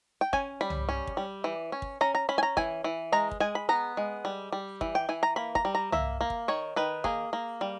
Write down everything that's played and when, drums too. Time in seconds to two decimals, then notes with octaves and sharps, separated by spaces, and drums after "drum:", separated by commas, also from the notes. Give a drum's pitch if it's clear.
0.21 G5
0.33 C#4 G#5, drum: kick
0.61 G3 B5
0.70 drum: tom
0.89 C#4
1.07 drum: kick
1.17 G3
1.44 E3
1.72 C#4
1.82 drum: kick
2.01 C#4 A#5
2.15 A#5
2.29 C#4 B5
2.38 G#5
2.43 A#5
2.57 E3 G#5, drum: kick
2.84 E3
3.12 G#3 A#5
3.31 drum: kick
3.40 G#3 G#5
3.55 B5
3.69 B3 A#5
3.97 G#3
4.25 G3
4.52 G3
4.81 E3, drum: kick
4.95 G5
5.09 E3 G#5
5.23 A#5
5.36 A#3 B5
5.55 A#5, drum: kick
5.65 G3
5.75 A#5
5.92 A#3 E5, drum: tom
6.21 A#3
6.30 drum: kick
6.48 D#3 C#5
6.76 D#3 B4
7.04 A#3 G#4, drum: kick
7.33 A#3
7.61 G3